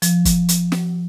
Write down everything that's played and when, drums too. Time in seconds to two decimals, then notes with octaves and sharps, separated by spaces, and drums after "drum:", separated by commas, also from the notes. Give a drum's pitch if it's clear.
0.02 F3, drum: hi-hat
0.25 drum: kick, hi-hat
0.49 drum: hi-hat
0.72 drum: snare